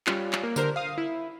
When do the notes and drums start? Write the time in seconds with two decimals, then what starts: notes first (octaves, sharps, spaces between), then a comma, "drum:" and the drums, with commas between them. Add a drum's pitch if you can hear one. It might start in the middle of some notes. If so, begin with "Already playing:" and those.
0.07 G3 C#4 F4, drum: clap
0.33 drum: clap
0.44 A#3
0.56 D3 G4 A#4 C5, drum: tambourine
0.76 F5 D#6
0.98 E4